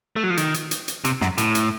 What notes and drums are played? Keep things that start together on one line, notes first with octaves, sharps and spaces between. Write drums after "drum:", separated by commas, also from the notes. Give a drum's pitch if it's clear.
A3
F#3
F3
D#3, drum: hi-hat
drum: hi-hat
drum: hi-hat
drum: hi-hat
C3, drum: hi-hat
F#2, drum: snare
A2, drum: hi-hat
drum: hi-hat